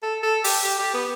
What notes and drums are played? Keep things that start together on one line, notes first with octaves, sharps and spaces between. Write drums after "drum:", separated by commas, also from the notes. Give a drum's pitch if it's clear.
A4
A4
G4, drum: open hi-hat
G4
G4
B3